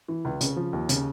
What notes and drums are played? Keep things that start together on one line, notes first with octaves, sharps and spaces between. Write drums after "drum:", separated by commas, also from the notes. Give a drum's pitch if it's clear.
E3
C#2
C#3, drum: hi-hat
F3
D#2
C#3, drum: hi-hat